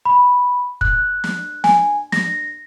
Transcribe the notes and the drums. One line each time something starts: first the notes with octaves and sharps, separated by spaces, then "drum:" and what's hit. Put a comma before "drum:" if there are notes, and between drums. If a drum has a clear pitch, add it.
B5
F#6, drum: kick
drum: snare
G#5, drum: snare
A#6, drum: snare